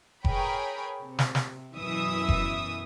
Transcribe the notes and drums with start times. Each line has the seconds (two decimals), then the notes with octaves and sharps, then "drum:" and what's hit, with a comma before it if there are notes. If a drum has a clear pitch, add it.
0.25 G#4 A#4 B4 C#5 G5 B5, drum: kick F1
1.02 C3
1.19 drum: snare
1.35 drum: snare
1.75 F#2 B2 E3 E5 D#6 E6
2.29 drum: kick F1